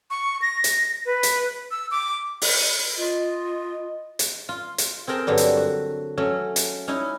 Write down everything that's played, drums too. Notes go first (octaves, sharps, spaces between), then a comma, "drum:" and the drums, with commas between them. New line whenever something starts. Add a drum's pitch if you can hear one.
C#6
A#6
drum: hi-hat
B4
drum: hi-hat
E6
D6
drum: open hi-hat
F4 D#5
drum: hi-hat
F4
drum: hi-hat
C4 G#4 A#4 G5 A5
G2 D3 F#3 G3
drum: hi-hat
F#4
F#3 A3 C#4
drum: hi-hat
C#4 D#4 E4 G#5